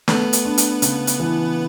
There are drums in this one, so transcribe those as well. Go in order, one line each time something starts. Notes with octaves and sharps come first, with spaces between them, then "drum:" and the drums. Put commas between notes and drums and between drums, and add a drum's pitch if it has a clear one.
A3 B3 B4, drum: snare
drum: hi-hat
D4
drum: hi-hat
C#3, drum: hi-hat
drum: hi-hat
E3